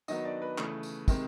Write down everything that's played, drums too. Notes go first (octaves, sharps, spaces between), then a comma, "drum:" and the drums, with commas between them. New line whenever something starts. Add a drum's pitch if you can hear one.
D#3 F#3 B3 D#4 D#5, drum: tambourine
D4 D5
B4
C#3 E3 A3, drum: clap
drum: tambourine
C3 D#3 G#3 C4, drum: kick, tambourine